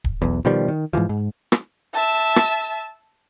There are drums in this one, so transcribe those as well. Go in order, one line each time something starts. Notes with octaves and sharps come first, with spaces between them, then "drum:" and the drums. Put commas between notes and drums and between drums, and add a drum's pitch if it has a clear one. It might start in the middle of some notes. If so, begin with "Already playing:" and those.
drum: kick D1
B1 E2
B2 D#3 F3 G3
D#3
G#2 C#3 E3 F3
G#2
drum: rim click
E5 A5
drum: rim click